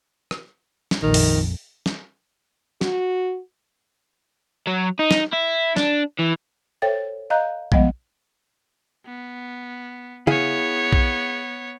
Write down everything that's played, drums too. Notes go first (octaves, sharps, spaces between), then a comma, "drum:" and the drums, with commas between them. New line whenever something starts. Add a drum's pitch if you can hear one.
drum: rim click
drum: snare
A#1 F2 D#3
drum: open hi-hat
drum: snare
F#4, drum: snare
F#3
D#4
drum: snare
E4
D4, drum: snare
E3
A4 C5 C#5 E5 G5 A6
D#5 F5 A#5 F#6 G6
F3 G3 G#3 B3 D#5 F#5, drum: kick A#1
B3
B3 E4 G#4 C#5 F5, drum: tom
drum: kick A#1